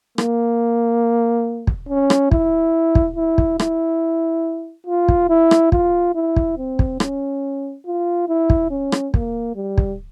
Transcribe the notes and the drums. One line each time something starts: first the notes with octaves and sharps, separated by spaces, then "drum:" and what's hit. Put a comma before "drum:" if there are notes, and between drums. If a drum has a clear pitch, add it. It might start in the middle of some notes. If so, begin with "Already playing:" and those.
A#3, drum: rim click
drum: kick
C#4
drum: rim click
E4, drum: kick
drum: kick
E4
drum: kick
E4, drum: rim click
F4
drum: kick
E4
drum: rim click
F4, drum: kick
E4
drum: kick
C4
drum: kick
C#4, drum: rim click
F4
E4
drum: kick
C#4
drum: rim click
A#3, drum: kick
G3
drum: kick